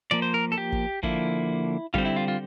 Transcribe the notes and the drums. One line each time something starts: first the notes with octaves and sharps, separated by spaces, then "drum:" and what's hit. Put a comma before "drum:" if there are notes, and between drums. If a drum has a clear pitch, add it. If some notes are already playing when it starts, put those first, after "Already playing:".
F3 A#3 D5
C5
A#4
A4
G4
drum: kick
D3 F3 A#3 E4, drum: kick
D3 G3 C4 F4, drum: kick
E4
F4
F4